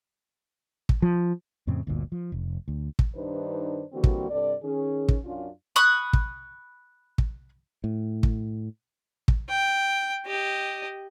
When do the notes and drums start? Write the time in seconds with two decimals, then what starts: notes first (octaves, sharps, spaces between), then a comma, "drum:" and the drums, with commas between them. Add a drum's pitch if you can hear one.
0.89 drum: kick
1.02 F3
1.67 F2 A2 C#3 C4
1.87 G1 D2 A#2
2.12 F3
2.32 F1
2.68 D2
2.99 drum: kick
3.15 G2 D#3 D4 D#4 B4 C5
3.93 D3 E3 G3 A#3 C4 F#4
4.04 drum: kick
4.30 G2 C3 A4 D5
4.64 D#3 C#4 G#4
5.08 drum: kick
5.25 F#2 C#4 D4 F4
5.76 B5 C#6 D#6 F#6
6.13 drum: kick
7.18 drum: kick
7.84 A2
8.23 drum: kick
9.28 drum: kick
9.50 G5
10.26 G4 D#5